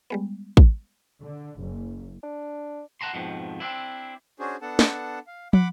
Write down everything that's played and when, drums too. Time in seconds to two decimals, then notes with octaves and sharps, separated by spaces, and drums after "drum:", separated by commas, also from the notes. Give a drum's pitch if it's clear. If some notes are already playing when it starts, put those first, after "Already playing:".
0.10 G3 G#3 B3
0.57 drum: kick
1.22 D3
1.58 F#1
2.23 D4
3.01 F#5 A5 A#5 C6
3.14 F2 G#2 B2 D#3 F3
3.60 C4 D4 E4
4.39 C#4 D4 F#4 G#4 C5
4.62 B3 D4 A4 F#5 A5
4.79 drum: snare
5.27 F5
5.53 F#5 B5 D6, drum: tom